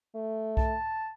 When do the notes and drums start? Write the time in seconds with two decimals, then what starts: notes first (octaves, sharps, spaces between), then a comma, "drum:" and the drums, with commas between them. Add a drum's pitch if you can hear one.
0.15 A3
0.57 A5, drum: kick B1